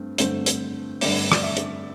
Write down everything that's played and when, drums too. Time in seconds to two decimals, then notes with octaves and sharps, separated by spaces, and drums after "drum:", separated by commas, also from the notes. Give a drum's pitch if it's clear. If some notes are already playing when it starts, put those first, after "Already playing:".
Already playing: G2 A3 C4
0.18 G2 D3 A3 C4 C5, drum: hi-hat
0.46 drum: hi-hat
1.01 G2 D3 A3 C4 D5, drum: open hi-hat
1.32 D5, drum: rim click
1.43 E5
1.57 drum: hi-hat